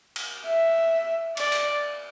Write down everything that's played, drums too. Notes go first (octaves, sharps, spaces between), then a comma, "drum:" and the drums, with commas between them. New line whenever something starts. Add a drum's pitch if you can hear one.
drum: cymbal
E5
D5, drum: cymbal
drum: hi-hat